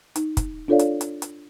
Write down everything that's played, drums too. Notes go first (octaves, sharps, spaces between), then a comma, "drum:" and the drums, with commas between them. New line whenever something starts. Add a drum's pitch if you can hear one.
D#4, drum: hi-hat
drum: kick, hi-hat
D4 F4 A4 C#5 D5 F5
drum: hi-hat
drum: hi-hat
drum: hi-hat